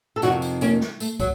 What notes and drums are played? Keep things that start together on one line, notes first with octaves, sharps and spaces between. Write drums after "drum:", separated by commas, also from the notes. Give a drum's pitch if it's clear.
A4
F2 C3 D#3 D#4 F#4, drum: tambourine
drum: tambourine
A#3 C#4, drum: tambourine
drum: snare
A3, drum: tambourine
F#3, drum: kick, tambourine